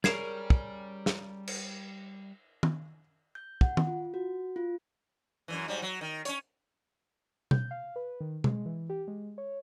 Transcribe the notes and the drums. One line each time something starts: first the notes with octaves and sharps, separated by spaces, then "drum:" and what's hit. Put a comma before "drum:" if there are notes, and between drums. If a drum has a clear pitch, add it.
G3 C#4 G#4 A#4 D5 G#6 C7 E7, drum: snare
drum: kick
drum: snare
drum: cymbal
drum: tom D#3
G6
F#5, drum: kick
drum: tom D#3
F4
F#4
F4
F#2 A2 E3
G#2 F#3 G3
F#3
D#3
C#4 C#5, drum: hi-hat
G6, drum: tom B2
F5
B4
D#3
G#3, drum: tom B2
E3
G4
G#3
C#5